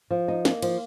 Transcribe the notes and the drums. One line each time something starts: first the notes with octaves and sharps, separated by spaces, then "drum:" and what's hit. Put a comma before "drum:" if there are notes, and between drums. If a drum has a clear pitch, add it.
F3
D#4
A#3, drum: snare
F3, drum: cymbal